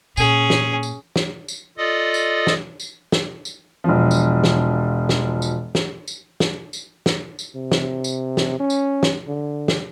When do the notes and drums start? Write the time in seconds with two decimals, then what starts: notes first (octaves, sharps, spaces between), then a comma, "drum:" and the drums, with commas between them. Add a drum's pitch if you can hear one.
0.17 A#2 C#4 G#4, drum: tambourine
0.50 drum: snare
0.83 drum: tambourine
1.16 drum: snare
1.48 drum: tambourine
1.78 F4 A4 D5 D#5 D#6
2.14 drum: tambourine
2.47 drum: snare
2.80 drum: tambourine
3.12 drum: snare
3.45 drum: tambourine
3.84 E1 F3
4.11 drum: tambourine
4.44 drum: snare
5.09 drum: snare
5.42 drum: tambourine
5.75 drum: snare
6.08 drum: tambourine
6.40 drum: snare
6.73 drum: tambourine
7.06 drum: snare
7.39 drum: tambourine
7.55 C3
7.72 drum: snare
8.04 drum: tambourine
8.37 drum: snare
8.59 C#4
8.70 drum: tambourine
9.03 drum: snare
9.28 D3
9.68 drum: snare